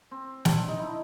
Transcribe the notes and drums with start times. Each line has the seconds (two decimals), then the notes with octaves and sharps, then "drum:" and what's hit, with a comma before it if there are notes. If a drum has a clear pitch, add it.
0.11 C4
0.45 D4, drum: snare
0.68 D#4
0.79 E4